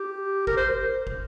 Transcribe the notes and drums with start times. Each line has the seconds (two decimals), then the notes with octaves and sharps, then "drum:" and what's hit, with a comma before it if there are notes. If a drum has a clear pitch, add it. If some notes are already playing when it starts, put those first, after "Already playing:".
Already playing: G4
0.47 A#4, drum: kick
0.57 C5
1.07 drum: kick